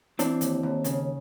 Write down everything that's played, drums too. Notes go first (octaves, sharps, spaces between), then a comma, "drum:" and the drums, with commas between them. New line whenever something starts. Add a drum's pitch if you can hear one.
E3 C4 D4, drum: hi-hat
D#2, drum: hi-hat
D#2
C#3, drum: hi-hat